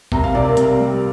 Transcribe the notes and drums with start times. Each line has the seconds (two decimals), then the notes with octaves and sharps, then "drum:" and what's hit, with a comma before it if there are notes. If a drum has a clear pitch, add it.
0.12 C2 A#5, drum: kick A#1
0.24 F5
0.35 C3 D5
0.46 A#4
0.57 C2, drum: hi-hat
0.80 G3